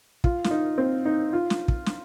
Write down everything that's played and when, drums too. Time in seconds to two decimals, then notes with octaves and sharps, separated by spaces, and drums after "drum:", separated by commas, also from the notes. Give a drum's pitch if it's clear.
0.24 F4, drum: kick
0.44 F4, drum: snare
0.50 D#4
0.78 C4
1.05 D#4
1.33 F4
1.50 drum: snare
1.68 drum: kick
1.86 drum: snare